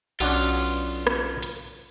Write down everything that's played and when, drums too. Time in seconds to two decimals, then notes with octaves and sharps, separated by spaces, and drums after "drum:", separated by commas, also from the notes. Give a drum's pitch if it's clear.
0.20 B1 C#4 D4 F4 F#4, drum: cymbal
1.07 drum: rim click
1.42 drum: hi-hat